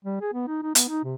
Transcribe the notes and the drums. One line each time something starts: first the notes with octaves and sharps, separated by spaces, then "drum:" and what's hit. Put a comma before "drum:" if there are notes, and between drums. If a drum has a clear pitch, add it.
G3
G#4
B3
D#4
D#4
B3, drum: hi-hat
D#4
C3